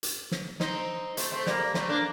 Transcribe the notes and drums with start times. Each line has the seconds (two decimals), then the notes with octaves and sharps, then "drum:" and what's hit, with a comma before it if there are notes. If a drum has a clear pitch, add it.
0.03 drum: hi-hat
0.31 drum: snare
0.60 C4 D#4, drum: snare
1.17 A3 C4, drum: hi-hat
1.32 A3 C4
1.46 G3 A#3, drum: snare
1.74 A3 C4, drum: snare
1.89 A#3 D4